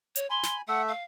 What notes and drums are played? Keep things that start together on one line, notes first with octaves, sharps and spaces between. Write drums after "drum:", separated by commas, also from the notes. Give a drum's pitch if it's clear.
C#5, drum: hi-hat
G#5 B5 C6
drum: snare
A3 E5 F#5
F5